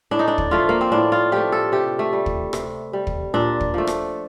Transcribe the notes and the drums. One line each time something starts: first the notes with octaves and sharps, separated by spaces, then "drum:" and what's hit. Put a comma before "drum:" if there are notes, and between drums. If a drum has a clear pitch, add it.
A2 D4
D#4
D4
drum: kick
F3 A3 F4
A#3
C4
A2 D4
F4
F3 A3 G4
A4
C3 G4
A3
G3
drum: kick
C3, drum: rim click
G3
drum: kick
A#2 D4
drum: kick
F3 A3
drum: rim click